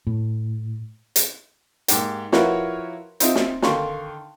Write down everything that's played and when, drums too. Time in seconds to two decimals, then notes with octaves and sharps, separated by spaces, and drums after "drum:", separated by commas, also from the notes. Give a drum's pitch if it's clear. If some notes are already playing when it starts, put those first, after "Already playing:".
0.07 A2
1.16 drum: hi-hat
1.88 G#2 A#3 G4 G5, drum: hi-hat
2.32 F3 E4 F#4 A#4 B4 C#5, drum: snare
3.20 C4 D#4 F4 D#5 E5, drum: hi-hat
3.35 drum: snare
3.62 D3 D#3 F5 C6 C#6, drum: snare